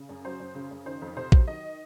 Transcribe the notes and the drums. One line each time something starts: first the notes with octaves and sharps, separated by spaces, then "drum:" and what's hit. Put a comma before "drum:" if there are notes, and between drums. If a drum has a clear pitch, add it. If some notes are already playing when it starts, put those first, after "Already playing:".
Already playing: C#3
F#2
F#3 C5
F#2
C#3
F#2
D#3 C5
F2
C3 C5
F#3, drum: kick A#1
D#3 D#5